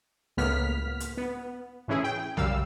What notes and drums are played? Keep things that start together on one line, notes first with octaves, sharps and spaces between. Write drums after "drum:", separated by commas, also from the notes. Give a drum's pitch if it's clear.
C#2 A2 A#3 B3 F6 B6
drum: hi-hat
B3
A2 E3 C#4 E4 G#4
G5
F#2 G3 F5 E6, drum: tom B1